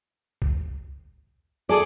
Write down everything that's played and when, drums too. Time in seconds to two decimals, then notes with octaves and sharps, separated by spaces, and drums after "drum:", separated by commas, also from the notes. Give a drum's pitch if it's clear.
0.42 drum: kick C2
1.69 G#4 A4 D5